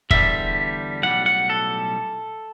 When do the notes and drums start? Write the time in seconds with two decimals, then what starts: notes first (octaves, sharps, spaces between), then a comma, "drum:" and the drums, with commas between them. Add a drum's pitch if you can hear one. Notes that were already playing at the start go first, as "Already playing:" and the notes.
0.10 E2 D3 G3 E5, drum: kick
1.03 B1 A2 G3 F#5
1.26 F#5
1.50 A4